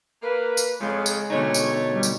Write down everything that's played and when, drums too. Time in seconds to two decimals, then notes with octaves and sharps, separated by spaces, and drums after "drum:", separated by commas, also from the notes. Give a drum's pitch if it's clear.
0.22 A#3 B4
0.57 drum: tambourine
0.79 F2 C#3 G#3
1.06 drum: tambourine
1.30 B2 D3 A3 D#4 C#5
1.54 drum: tambourine
1.92 G3
2.03 drum: tambourine